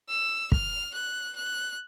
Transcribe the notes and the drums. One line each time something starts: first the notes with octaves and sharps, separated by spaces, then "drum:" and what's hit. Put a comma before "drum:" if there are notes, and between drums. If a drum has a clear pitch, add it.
E6
F6, drum: kick
F#6
F#6